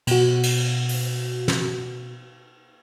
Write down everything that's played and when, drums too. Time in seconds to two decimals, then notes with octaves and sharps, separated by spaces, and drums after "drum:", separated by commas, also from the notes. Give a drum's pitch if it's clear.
0.07 B2 F#4, drum: cymbal
0.43 drum: cymbal
0.89 drum: open hi-hat
1.48 drum: snare